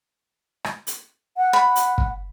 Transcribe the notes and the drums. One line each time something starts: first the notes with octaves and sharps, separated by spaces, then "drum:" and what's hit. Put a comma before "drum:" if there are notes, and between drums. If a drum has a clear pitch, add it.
drum: rim click
drum: hi-hat
F#5
B5
drum: hi-hat
drum: kick